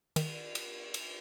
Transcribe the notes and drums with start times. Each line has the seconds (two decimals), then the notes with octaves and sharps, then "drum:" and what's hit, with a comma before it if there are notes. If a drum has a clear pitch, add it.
0.16 D#3, drum: cymbal
0.55 drum: cymbal
0.94 drum: cymbal